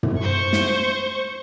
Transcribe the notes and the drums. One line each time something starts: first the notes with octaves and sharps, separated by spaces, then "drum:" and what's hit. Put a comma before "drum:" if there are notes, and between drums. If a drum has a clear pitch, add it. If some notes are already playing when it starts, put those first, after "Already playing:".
drum: tom
C5 C#6
drum: snare